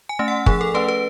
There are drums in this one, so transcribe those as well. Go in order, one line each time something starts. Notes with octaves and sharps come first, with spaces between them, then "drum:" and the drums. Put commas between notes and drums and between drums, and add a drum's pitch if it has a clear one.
G#5
A3 C#4
F#5
F3 G#4, drum: kick
A4
A3 C#4 B4
B4